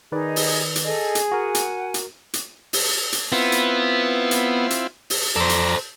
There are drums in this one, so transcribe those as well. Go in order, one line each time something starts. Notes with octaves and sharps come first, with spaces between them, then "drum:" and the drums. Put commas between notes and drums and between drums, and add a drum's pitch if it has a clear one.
D#3 D#4 G#4 B4 D5 D#5
drum: open hi-hat
drum: hi-hat
G#4 A4 D#5
drum: hi-hat
F#4 A#4 F#5 G#5
drum: hi-hat
drum: hi-hat
drum: hi-hat
drum: open hi-hat
drum: hi-hat
B3 C4 E4 F4
drum: hi-hat
drum: hi-hat
drum: hi-hat
drum: open hi-hat
F2 A4 C5 D5 A#5
drum: hi-hat